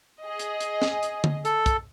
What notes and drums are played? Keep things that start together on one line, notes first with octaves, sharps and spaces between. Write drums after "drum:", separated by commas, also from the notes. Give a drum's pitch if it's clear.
G#4 D#5
drum: hi-hat
drum: hi-hat
drum: snare
drum: hi-hat
drum: tom D3
A4, drum: hi-hat
drum: kick, hi-hat